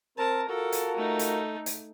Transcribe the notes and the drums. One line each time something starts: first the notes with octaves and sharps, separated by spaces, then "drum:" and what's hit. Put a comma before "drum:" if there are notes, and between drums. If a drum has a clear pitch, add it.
C4 A#4 A5
F4 F#4 A4 A#4 A5
drum: hi-hat
A3 D#4
drum: hi-hat
drum: hi-hat